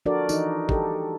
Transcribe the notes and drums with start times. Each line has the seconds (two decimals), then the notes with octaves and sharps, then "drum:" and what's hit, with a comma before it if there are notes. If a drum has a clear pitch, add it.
0.06 F3 D4 F#4 A4 A#4 D5
0.29 E3 D#4, drum: tambourine
0.69 G4 A4, drum: kick